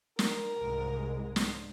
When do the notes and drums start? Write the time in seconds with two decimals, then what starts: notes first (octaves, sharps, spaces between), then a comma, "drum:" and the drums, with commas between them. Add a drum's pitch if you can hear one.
0.19 A#4, drum: snare
0.60 C2 G#2 G#3
1.36 drum: snare